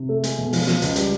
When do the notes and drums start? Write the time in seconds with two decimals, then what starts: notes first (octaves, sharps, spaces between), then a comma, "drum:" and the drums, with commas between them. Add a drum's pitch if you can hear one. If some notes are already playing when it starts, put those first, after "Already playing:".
Already playing: C3
0.09 A3
0.24 G#3, drum: hi-hat
0.38 B2
0.53 F3, drum: open hi-hat
0.67 F3, drum: snare
0.82 C#2, drum: hi-hat
0.96 G3, drum: hi-hat